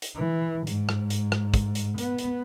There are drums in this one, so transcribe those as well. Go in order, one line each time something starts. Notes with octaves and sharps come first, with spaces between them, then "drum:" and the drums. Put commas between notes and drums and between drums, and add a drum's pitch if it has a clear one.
drum: hi-hat
E3
G#2, drum: hi-hat
drum: rim click
drum: hi-hat
drum: rim click
drum: kick, hi-hat
drum: hi-hat
B3, drum: hi-hat
drum: hi-hat